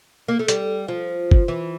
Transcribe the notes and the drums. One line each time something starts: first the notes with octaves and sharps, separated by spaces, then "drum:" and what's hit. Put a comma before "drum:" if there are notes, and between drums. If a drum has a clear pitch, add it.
A#3
A3
G3, drum: hi-hat
F3
drum: kick G1
E3